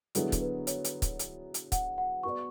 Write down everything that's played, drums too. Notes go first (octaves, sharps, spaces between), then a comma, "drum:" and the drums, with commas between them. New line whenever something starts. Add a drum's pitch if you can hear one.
D3 F#3 B3 E4 G#4 A4, drum: hi-hat
drum: kick C#1, hi-hat
B4
C#5, drum: hi-hat
drum: hi-hat
drum: kick C#1, hi-hat
drum: hi-hat
drum: hi-hat
F#5, drum: kick C#1, hi-hat
F#5
B3 F#4 B4 D5 C#6